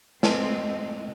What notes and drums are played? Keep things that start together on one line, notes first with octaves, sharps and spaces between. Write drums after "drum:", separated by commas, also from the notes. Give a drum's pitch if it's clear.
G#3 A3 C4 B4 D#5 G#5 A5 C6, drum: snare